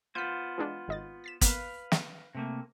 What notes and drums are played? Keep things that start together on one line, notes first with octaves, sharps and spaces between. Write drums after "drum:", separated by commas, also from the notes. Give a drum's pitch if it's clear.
B3 F4 C5 G6 B6
E3 G#3 D4
G#1 D#5 A6
A6 B6 E7
A#3 B3 B4 F5, drum: kick G#1, hi-hat
drum: snare
C3 A3 A#3